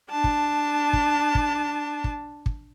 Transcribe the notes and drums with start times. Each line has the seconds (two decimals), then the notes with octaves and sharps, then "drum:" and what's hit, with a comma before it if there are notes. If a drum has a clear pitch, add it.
0.10 D4 A5
0.24 drum: kick
0.93 drum: kick
1.35 drum: kick
2.04 drum: kick
2.46 drum: kick